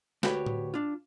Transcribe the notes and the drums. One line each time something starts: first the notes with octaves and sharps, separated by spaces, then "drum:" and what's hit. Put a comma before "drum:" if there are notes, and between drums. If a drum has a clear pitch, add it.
D2 F#4 G4 B4 C#5, drum: snare
drum: tom A2
D4 F4